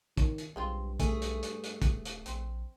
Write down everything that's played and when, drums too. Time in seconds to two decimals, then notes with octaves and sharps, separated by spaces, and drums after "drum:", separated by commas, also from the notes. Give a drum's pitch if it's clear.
0.17 D#3 C#5, drum: kick, hi-hat
0.38 drum: hi-hat
0.56 B1 G2 G#3 C4 F4
1.00 A3 G#4 G#5, drum: kick, hi-hat
1.22 drum: hi-hat
1.43 drum: hi-hat
1.64 drum: hi-hat
1.82 D#1, drum: kick, hi-hat
2.05 drum: hi-hat
2.26 A#1 C4, drum: hi-hat